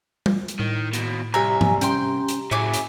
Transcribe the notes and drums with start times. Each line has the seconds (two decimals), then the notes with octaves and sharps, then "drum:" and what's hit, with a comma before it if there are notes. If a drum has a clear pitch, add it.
0.26 drum: tom G3
0.48 drum: hi-hat
0.59 A2 D#3
0.93 D#2 B2, drum: hi-hat
1.34 C2 G4 E5 G#5 A#5
1.61 drum: tom G#2
1.81 C#4 G5 C6, drum: hi-hat
2.28 drum: hi-hat
2.51 A2 C#3 F#3 E5 G#5 D6
2.73 drum: hi-hat